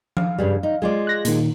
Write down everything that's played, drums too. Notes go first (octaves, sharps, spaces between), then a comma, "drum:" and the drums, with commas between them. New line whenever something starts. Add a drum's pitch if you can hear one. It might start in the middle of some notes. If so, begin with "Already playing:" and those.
F5, drum: tom F3
G2 C#3 G3
D#4
G#3 F4 D5
F#6 A#6
A#2 D#3, drum: hi-hat